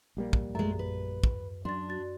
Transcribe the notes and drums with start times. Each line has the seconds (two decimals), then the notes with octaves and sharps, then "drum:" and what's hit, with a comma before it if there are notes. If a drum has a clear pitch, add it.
0.17 A#1 G3 A#3
0.33 drum: kick
0.55 F#2 G#3 A3
0.79 B4
1.24 drum: kick
1.65 F#2 D4 C6 A6
1.89 F#4 A6